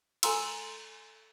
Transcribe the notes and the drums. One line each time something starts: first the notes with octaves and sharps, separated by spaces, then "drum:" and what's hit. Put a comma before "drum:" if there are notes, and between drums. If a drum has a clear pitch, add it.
A4 G#5 A#5 C6 E6, drum: cymbal